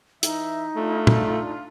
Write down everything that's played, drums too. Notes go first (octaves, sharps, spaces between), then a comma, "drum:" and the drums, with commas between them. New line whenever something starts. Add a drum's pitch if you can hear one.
E3 D#4 E4 E5, drum: hi-hat
A3 D4 F4
drum: tom A#2